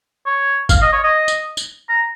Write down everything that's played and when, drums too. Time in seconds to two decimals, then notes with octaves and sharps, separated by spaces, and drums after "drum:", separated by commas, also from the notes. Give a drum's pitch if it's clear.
0.26 C#5
0.69 F5, drum: kick G1, tambourine
0.82 D#5
0.92 C#5
1.04 D#5
1.28 drum: tambourine
1.57 drum: tambourine
1.89 A#5